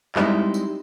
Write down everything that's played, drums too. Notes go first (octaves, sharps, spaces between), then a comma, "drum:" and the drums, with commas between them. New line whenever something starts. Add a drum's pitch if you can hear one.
G3 G#3 C4 D#4 E4, drum: clap
drum: tambourine